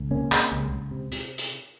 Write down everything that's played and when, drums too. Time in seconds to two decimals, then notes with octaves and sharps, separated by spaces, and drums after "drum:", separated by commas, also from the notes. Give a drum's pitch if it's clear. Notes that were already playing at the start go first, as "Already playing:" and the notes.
Already playing: C#2
0.11 C3 A#3 C#4
0.32 C3, drum: clap
0.52 C#2
0.71 C#2
0.91 C3
1.12 C3, drum: hi-hat
1.38 drum: hi-hat